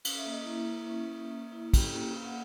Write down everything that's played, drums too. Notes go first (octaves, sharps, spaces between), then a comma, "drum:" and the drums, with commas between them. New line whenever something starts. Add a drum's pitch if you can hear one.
C#4 F5, drum: cymbal
E5
A#3
D#5
A#3 E4 E5
E4
C#4
A#3
A#3
E4
C#4 G4 G5, drum: kick, cymbal
A#3
A#3 F5
F#5